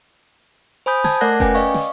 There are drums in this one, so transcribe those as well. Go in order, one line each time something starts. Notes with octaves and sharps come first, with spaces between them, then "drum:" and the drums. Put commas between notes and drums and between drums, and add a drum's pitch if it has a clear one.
C5 G#5 B5 D#6 G6
A5 G#6, drum: snare
A3 A#4 D5 F#5 F#6 A#6
C#4 B4 G5 G#5, drum: kick F1
D5 D#5 F5 C#6
drum: snare